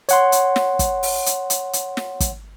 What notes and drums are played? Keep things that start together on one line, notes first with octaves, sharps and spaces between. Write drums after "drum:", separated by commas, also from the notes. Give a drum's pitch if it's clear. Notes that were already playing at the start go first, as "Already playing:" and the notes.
C#5 F#5 C6, drum: hi-hat
drum: hi-hat
drum: snare
drum: kick, hi-hat
drum: open hi-hat
drum: hi-hat
drum: hi-hat
drum: hi-hat
drum: snare
drum: kick, hi-hat